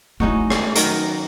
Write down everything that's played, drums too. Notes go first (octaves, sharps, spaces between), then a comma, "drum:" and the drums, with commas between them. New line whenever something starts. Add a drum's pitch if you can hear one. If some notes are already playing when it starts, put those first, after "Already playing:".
A3 C#4 D#4 E4 F#4
drum: rim click
D#3 F#3 A#4, drum: hi-hat